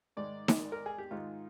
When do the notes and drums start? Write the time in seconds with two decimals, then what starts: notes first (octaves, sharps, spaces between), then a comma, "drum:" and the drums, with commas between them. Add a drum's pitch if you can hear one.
0.17 G#2 D#3 G#3 D5
0.48 drum: snare D#4
0.72 A#4
0.86 G#4
0.98 G4
1.11 G#2 D#3 G#3 F4